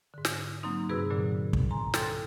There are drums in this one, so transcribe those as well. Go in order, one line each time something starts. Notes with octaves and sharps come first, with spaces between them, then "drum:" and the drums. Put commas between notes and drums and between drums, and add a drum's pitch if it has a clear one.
G#2 D3
drum: snare
F#3 A#3 C4 D#4
G2 C3 F#4 G#4 B4 E6
A#2 D3 F#3
drum: kick
G#5 A#5 C6
A4 G5 C6, drum: snare